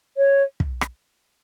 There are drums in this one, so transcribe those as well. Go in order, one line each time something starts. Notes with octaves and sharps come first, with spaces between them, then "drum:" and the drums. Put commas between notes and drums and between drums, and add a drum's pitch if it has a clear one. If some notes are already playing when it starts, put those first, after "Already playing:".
C#5
drum: kick
drum: rim click